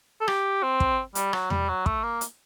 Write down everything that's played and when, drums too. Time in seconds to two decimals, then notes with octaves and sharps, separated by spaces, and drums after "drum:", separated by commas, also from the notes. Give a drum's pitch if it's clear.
0.21 A4
0.28 G4, drum: rim click
0.63 C4
0.80 drum: kick
1.15 G3, drum: hi-hat
1.33 F#3, drum: rim click
1.50 G3, drum: tom E2
1.69 F#3
1.86 A3, drum: kick
2.03 A#3
2.21 drum: hi-hat